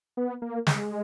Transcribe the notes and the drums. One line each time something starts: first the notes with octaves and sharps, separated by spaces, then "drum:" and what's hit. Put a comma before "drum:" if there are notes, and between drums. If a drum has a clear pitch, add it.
B3
A#3
G#3, drum: snare